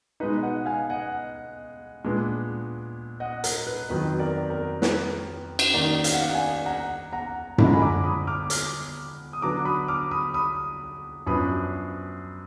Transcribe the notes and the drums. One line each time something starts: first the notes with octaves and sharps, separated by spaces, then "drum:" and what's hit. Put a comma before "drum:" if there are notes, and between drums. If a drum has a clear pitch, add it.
B2 G#3 B3 D#4 B4 D#5
D#5 F#5
F5 G#5
D#5 F#5
A#2 G#3 B3 D4
D#5 F#5
A#4, drum: hi-hat
B4
F2 D#3 F#3 B4
A#4 D5
A#4
B4, drum: snare
drum: cymbal
D#3 A#3 D#4 A#4 D5
F5, drum: hi-hat
F#5
D5 F5
F5 G#5
F#5 A#5
F#5 A#5
D3 F3 G#3 D4 B5, drum: tom F#2
A#5
G#5 B5
A#5 D6
B5 D#6
D6 F6
D6 F6, drum: hi-hat
D#6
D3 F#3 B3 D4 A#5 D6
B5 D#6
D6 F6
B5 D#6
B5 D#6
F#2 F3 B3 D4 B5 D#6